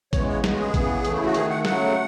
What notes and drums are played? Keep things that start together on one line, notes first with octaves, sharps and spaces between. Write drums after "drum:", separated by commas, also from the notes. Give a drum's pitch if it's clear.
C#3 E3 G#3 B3 C#5, drum: kick A1, hi-hat
C#5
C#3 G#3 B3, drum: snare
F#4
G#4
C#3 E3 B3, drum: kick A1, hi-hat
C#3 E3 A3, drum: hi-hat
E4
F#4
D#3 A3 G#4, drum: hi-hat
F#5
C#3 F#3 A3 F#5, drum: snare